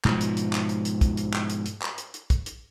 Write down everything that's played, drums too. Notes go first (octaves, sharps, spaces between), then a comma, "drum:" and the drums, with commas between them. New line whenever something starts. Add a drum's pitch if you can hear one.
G#2 B2 F3, drum: clap
drum: hi-hat
drum: hi-hat
drum: clap
drum: hi-hat
drum: hi-hat
drum: kick, hi-hat
drum: hi-hat
drum: clap
drum: hi-hat
drum: hi-hat
drum: clap
drum: hi-hat
drum: hi-hat
drum: kick, hi-hat
drum: hi-hat